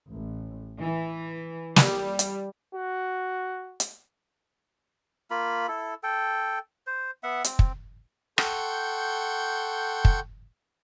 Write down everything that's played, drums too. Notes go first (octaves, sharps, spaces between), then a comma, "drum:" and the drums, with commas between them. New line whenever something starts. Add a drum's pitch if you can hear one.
A1
E3
G3, drum: snare
drum: hi-hat
F#4
drum: hi-hat
A#3 F4 B5
E4 A4
A4 G5
C5
B3 E5 F#5
C4, drum: hi-hat
drum: kick
A4 F#5 G5 C6 C#6 G6, drum: rim click
drum: kick